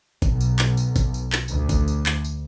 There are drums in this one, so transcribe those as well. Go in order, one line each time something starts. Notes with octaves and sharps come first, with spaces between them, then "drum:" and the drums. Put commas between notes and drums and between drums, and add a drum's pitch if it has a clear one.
B1, drum: kick, tambourine
drum: tambourine
drum: clap
drum: tambourine
drum: kick, tambourine
drum: tambourine
drum: clap
D2, drum: tambourine
drum: kick, tambourine
drum: tambourine
drum: clap
drum: tambourine